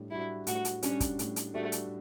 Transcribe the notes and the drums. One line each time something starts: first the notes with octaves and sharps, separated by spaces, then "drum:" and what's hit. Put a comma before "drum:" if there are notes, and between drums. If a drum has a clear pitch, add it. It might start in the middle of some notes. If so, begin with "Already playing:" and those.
Already playing: A2 G3 D4
G3 D4 E4 F#4
A2 F#4, drum: hi-hat
drum: hi-hat
G3 C#4 D4 F#4, drum: hi-hat
drum: kick, hi-hat
A2, drum: hi-hat
drum: hi-hat
G3 A3 D4 F#4
drum: hi-hat